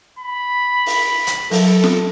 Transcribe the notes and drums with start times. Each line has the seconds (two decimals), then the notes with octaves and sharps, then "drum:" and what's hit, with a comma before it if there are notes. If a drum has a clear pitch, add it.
0.19 B5
0.86 drum: open hi-hat
1.27 drum: hi-hat
1.51 F#3 A4, drum: open hi-hat
1.84 drum: snare F4